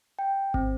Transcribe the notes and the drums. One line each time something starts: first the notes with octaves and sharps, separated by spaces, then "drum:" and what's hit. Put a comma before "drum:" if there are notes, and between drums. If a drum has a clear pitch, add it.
G5
C4, drum: kick G#1